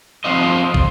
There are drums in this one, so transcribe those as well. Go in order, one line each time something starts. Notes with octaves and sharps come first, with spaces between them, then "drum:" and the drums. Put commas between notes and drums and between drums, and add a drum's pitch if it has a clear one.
F3 C4 F4 C5 D#5
drum: kick